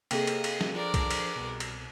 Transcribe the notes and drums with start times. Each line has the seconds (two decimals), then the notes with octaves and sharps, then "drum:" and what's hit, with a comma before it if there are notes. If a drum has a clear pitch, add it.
0.11 C3 A#3 G#4 A4 D#5 G5, drum: cymbal
0.27 drum: cymbal
0.44 drum: cymbal
0.61 drum: snare
0.74 F3 D4 A#4 D5
0.94 drum: kick C2, cymbal
1.11 drum: cymbal
1.36 C2 B2
1.60 drum: cymbal